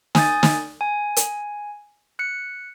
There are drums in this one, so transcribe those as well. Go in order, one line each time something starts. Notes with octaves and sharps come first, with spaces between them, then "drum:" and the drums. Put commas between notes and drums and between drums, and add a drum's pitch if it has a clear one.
G#5 D#6 G6 A6, drum: snare
drum: snare
G#5
drum: hi-hat
F#6 C#7